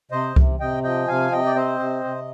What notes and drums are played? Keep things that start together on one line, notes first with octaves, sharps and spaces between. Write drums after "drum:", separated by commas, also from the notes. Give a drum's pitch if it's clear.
C3 C5 D#5
C3, drum: kick C2
C3 D#5 G5
F3 D#5 G5
C3 F5 G#5
C3 D#5 G5
D5
C4 C5 D#5
C3
C3